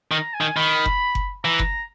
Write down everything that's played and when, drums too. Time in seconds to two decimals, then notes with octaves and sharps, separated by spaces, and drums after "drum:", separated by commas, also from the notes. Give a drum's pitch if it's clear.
0.11 D#3 A#5
0.34 G#5
0.41 D#3
0.56 D#3 B5
0.86 drum: kick F#1
1.15 drum: kick F#1
1.44 E3 A#5
1.59 drum: kick F#1